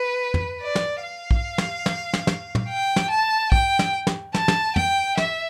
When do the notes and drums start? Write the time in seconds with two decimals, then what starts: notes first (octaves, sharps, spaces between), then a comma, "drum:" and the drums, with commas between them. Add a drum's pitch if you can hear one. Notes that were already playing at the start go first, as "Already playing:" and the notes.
Already playing: B4
0.34 drum: tom
0.62 D5
0.75 drum: snare
1.03 F5
1.31 drum: kick
1.58 drum: snare
1.86 drum: snare
2.13 drum: snare
2.27 drum: snare
2.55 drum: tom
2.69 G5
2.96 drum: snare
3.10 A5
3.52 G5, drum: kick
3.79 drum: snare
4.07 drum: snare
4.34 A5, drum: snare
4.48 drum: snare
4.76 G5, drum: tom
5.17 E5, drum: snare